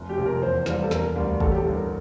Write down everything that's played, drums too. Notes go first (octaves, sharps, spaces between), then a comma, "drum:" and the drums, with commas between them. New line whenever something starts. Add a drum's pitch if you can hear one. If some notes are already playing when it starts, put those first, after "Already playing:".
Already playing: F1
G4
F2 C3
A#4
E2 C5
E3 G3 A#3, drum: snare
A4
E1 A#4, drum: snare
D2 D3 G3 A#3
A1 A4, drum: kick
G4
A4
G2 D3
A#4